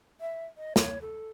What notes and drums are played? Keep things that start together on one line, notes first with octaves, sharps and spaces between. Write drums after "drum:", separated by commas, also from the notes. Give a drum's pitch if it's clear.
E5
D#5
C#5, drum: snare
A4